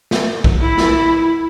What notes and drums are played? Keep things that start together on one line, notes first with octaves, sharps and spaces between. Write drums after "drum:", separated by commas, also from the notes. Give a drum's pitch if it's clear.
drum: snare
drum: kick
E4
drum: snare